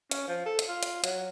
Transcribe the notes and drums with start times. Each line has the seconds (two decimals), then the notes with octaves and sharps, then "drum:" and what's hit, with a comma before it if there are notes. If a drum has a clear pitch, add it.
0.11 C#4, drum: hi-hat
0.28 F3
0.46 A4
0.59 drum: hi-hat
0.69 F4
0.83 drum: hi-hat
1.04 F#3, drum: hi-hat